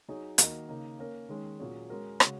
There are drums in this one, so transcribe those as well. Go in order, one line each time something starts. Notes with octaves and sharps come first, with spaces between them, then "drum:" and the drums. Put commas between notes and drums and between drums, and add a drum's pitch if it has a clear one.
F#3 D#4 G#4 C#5
D#3 A#3 F#4 A#4 D#5, drum: hi-hat
C#3 A#3 D#4
A#3 C#4 A#4
D#3 G#3 C#4
A#2 F#3 C#4 G#4 C#5
G#3 C#4 F#4 A#4
C#3 G#3 F#4 C#5, drum: rim click